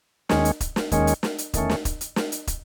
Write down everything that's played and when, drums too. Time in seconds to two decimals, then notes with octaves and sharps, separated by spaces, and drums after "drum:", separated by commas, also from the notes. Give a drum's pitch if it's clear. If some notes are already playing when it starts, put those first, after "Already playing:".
0.29 D#2 D#3 G#3 C#4, drum: snare
0.45 drum: hi-hat
0.60 drum: kick, hi-hat
0.76 drum: snare
0.92 D#2 D#3 G#3 C#4, drum: kick, hi-hat
1.07 drum: hi-hat
1.23 drum: snare
1.38 drum: hi-hat
1.54 E2 D#3 A3 C#4, drum: kick, hi-hat
1.70 drum: snare
1.85 drum: kick, hi-hat
2.01 drum: hi-hat
2.16 drum: snare
2.32 drum: hi-hat
2.47 drum: kick, hi-hat